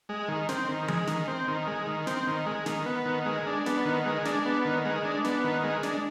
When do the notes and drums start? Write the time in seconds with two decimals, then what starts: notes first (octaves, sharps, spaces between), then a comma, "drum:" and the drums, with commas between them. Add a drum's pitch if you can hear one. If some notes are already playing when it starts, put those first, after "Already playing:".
0.09 G#3
0.28 D#3
0.49 C4, drum: snare
0.68 D#3
0.88 G#3, drum: tom E3
1.07 D#3, drum: snare
1.28 C4
1.48 D#3
1.67 G#3
1.87 D#3
2.07 C4, drum: snare
2.27 D#3
2.46 G#3
2.66 D#3, drum: snare
2.86 B3
3.06 D#3
3.26 G#3
3.46 D4
3.66 B3, drum: snare
3.85 D#3
4.06 G#3
4.25 D4, drum: snare
4.46 B3
4.65 D#3
4.85 G#3
5.05 D4
5.25 B3, drum: snare
5.44 D#3
5.64 G#3
5.83 D4, drum: snare